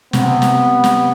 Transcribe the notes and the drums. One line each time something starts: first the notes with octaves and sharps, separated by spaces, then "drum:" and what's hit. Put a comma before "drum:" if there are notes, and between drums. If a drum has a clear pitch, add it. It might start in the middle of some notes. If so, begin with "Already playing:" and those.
C3 B3, drum: snare
drum: snare
drum: snare